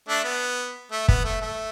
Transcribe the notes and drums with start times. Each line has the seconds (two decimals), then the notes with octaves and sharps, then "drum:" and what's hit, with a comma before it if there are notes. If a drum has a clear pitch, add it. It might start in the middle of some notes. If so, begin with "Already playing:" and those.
0.09 A3 D4
0.24 B3
0.92 A3
1.08 B3, drum: kick
1.25 A3
1.41 A3